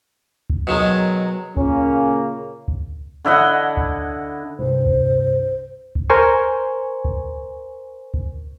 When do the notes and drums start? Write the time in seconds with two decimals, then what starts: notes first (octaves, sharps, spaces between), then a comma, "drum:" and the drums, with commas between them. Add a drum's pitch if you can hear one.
0.50 drum: kick
0.67 B2 D#3 F#3 G#3
1.57 A#2 C#3 A#3 C#4, drum: kick
2.68 drum: kick
3.25 D3 E4 D#5 F#5
3.77 drum: kick
4.59 C2 G2 C5
4.86 drum: kick
5.95 drum: kick
6.10 A#4 C5 G#5 C#6
7.05 drum: kick
8.14 drum: kick